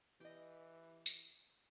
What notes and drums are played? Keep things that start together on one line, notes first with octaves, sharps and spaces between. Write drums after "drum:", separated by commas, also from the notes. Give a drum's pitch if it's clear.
E3 G4 D#5
drum: tambourine